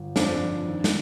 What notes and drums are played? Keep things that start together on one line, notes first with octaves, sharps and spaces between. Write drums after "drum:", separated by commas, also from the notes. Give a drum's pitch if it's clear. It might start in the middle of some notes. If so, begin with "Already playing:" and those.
Already playing: G1
F2 C4 D4, drum: snare
F2
D#3
drum: snare